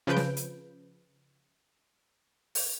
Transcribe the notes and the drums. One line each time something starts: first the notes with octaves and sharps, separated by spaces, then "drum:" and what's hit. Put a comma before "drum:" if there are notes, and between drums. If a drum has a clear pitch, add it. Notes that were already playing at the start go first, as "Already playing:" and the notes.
C#3 F3 B4 G6 D7
drum: snare
drum: hi-hat
drum: open hi-hat